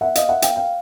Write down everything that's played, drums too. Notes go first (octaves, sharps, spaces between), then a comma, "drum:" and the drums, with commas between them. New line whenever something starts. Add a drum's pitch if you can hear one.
E5 F#5
D#5 F5, drum: hi-hat
E5 F#5
F5 G5, drum: hi-hat
F5 G5